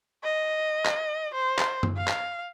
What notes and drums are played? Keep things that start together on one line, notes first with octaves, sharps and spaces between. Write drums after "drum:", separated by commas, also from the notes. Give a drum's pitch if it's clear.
D#5
drum: clap
C5
drum: clap
drum: tom F#2
F5
drum: clap